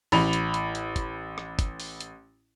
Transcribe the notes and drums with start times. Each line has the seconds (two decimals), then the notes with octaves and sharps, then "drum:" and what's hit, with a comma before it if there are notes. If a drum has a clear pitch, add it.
0.12 A1 B5 F7, drum: open hi-hat
0.33 drum: hi-hat
0.54 drum: hi-hat
0.75 drum: hi-hat
0.96 drum: kick, hi-hat
1.38 drum: rim click
1.59 drum: kick, hi-hat
1.80 drum: open hi-hat
2.01 drum: hi-hat